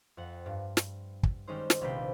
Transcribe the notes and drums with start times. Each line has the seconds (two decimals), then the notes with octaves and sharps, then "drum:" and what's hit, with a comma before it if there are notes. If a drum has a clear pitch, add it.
0.17 F2 F#5
0.46 G2
0.77 drum: snare
1.23 drum: kick
1.48 D#3 G3 G#3 C#4 D#4 C5
1.70 drum: snare
1.81 A#1 C3 D#3 B4 G5 C7